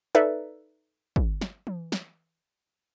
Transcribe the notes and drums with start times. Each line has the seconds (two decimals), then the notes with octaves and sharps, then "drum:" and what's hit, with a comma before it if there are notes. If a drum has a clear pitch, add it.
0.15 D#4 A4 B4 D5 E5
1.16 drum: kick
1.41 drum: snare
1.67 drum: tom E3
1.92 drum: snare